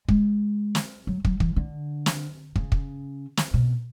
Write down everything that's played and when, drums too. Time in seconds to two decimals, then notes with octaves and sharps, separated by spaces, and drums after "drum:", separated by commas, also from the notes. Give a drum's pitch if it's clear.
0.09 G#3, drum: kick
0.75 drum: snare
1.07 F#3
1.25 F#3, drum: kick
1.40 E3, drum: kick
1.56 D3
2.06 drum: snare
2.56 C#3, drum: kick
2.72 drum: kick
3.37 drum: snare
3.54 B2